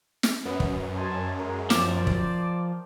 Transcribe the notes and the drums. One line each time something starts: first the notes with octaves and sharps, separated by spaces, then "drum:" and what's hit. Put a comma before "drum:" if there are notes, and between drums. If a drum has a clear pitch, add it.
drum: snare
F#2 B3
drum: kick
C5 D#5 G#5 A5
G#3 A#4
F3 C5 D5 G5 D6, drum: snare
drum: kick